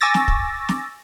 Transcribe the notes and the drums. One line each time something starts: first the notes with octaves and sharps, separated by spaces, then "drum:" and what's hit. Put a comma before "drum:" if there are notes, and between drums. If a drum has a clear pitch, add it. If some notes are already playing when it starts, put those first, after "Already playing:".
G#5 C#6 D6 E6 A6 A#6
drum: snare
drum: kick
drum: snare